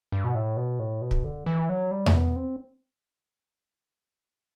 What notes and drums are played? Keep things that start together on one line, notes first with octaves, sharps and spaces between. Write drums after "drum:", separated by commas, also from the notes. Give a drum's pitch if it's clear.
G2
B2
A2
B2
A2
B2
drum: kick
D3
E3
F#3
G3
A3, drum: tom E2
B3
C4